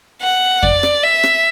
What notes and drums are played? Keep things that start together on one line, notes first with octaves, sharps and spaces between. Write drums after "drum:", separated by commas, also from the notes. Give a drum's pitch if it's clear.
F#5
D5, drum: kick F2
drum: rim click
E5
drum: rim click